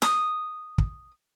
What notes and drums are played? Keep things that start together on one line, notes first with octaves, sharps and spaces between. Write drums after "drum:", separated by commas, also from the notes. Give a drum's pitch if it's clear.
D#6, drum: snare
drum: kick